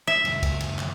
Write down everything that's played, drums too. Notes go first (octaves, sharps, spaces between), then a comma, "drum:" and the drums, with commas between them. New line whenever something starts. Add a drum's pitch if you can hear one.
E5
C#2 F#2, drum: cymbal
drum: kick, cymbal
drum: cymbal
drum: clap